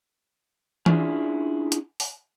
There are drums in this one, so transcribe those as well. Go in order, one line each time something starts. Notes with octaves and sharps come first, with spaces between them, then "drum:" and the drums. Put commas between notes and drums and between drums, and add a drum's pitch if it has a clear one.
C#4 D4 E4 F4 G#4, drum: tom E3
drum: hi-hat
drum: open hi-hat